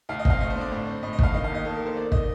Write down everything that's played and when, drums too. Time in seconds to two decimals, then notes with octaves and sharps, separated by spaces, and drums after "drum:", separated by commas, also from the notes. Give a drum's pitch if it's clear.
0.09 D2 F5
0.19 D#5
0.25 C4 F5, drum: kick
0.40 A3 D#5
0.50 C5
0.56 D3
0.61 D5
0.72 A2
0.87 C4
1.03 A2 D#5
1.13 D#5
1.19 A2 F5, drum: kick
1.34 D#3 D#5
1.44 F5
1.50 D#2 D#5
1.65 D#2 A4
1.76 A#4
1.81 D#3
1.86 C5
1.96 A#3 D5
2.12 A#3 D#5, drum: kick